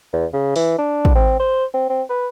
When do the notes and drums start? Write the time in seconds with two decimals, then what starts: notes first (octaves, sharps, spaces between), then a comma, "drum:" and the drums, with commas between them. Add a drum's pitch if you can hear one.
0.13 E2
0.33 C#3
0.56 E3, drum: open hi-hat
0.78 D4
1.05 drum: kick
1.15 C4
1.40 C5
1.74 C4
1.90 C4
2.10 B4